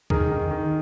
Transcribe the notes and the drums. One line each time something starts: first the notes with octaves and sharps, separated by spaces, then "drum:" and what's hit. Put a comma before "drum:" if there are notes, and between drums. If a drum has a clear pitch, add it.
D#3 G#4 A#4, drum: kick
D#3
D#3